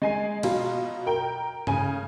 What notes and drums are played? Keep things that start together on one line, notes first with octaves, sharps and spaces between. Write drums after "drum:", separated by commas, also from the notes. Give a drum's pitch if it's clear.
G#3 G#5 C7
B2 F#3 F4, drum: cymbal
A#4 G5
C#3 G#5, drum: tom G2